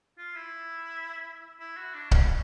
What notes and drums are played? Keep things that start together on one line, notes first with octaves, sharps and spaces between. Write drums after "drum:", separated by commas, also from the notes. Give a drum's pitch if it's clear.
F4
E4
E4
F#4
D4
C#4, drum: kick C#1